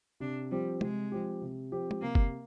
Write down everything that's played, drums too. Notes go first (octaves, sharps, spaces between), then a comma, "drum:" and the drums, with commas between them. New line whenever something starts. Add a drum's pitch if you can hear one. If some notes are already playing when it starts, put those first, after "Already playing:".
C3 D4
F3 G3 C4 G4
C3 G#3, drum: tom
F3 C4 G4
C3
F3 C4 G4
drum: tom
C3 A#3
drum: kick F#1